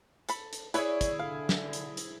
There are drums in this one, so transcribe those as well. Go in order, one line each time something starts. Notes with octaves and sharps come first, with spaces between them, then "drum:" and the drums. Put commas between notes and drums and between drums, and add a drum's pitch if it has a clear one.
A4 B5, drum: hi-hat
drum: hi-hat
E4 G#4 B4 C#5 D5 E5, drum: hi-hat
drum: kick, hi-hat
D3 F5
drum: snare
drum: hi-hat
drum: hi-hat